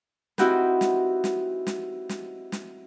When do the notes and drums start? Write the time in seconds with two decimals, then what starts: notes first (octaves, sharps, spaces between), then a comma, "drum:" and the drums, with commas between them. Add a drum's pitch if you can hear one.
0.38 C4 D#4 E4 F#4 G4 B4, drum: snare
0.81 drum: snare
1.24 drum: snare
1.67 drum: snare
2.09 drum: snare
2.52 drum: snare